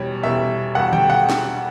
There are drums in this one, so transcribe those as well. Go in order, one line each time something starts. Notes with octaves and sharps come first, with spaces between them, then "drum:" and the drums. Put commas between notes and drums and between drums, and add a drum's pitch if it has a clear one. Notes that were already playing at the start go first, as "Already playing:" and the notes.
Already playing: E2 B2 G3 C#5
E2 B2 G3 E5
E2 B2 G3 F#5
G5, drum: tom D3
F#5
drum: snare